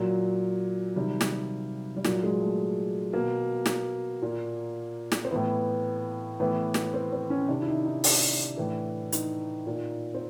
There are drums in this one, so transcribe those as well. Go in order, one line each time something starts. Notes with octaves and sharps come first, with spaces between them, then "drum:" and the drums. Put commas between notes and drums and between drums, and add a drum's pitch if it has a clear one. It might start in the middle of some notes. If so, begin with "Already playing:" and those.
Already playing: A#2 F#3
C3 D#3 G3
drum: snare
G3
A#2 F#3, drum: snare
G#3
A3
B2 A#3
drum: snare
A#2
drum: snare
C4
A2 E3 B3
A2 E3 B3
drum: snare
C4
C4
C#4
C3 D#3 D4
E4
D#4
D#4
D4, drum: open hi-hat
A2 E3
D#4, drum: hi-hat
A#2
C4